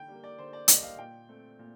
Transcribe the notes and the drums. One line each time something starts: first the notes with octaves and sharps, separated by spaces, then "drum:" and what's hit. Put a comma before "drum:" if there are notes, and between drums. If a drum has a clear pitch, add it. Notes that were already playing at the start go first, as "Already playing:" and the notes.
Already playing: D3 G5
G3 A#3
D5
D3 C5
D5
G3 A#3 D#5, drum: hi-hat
F5
A#2 G5
A3 C4
A#2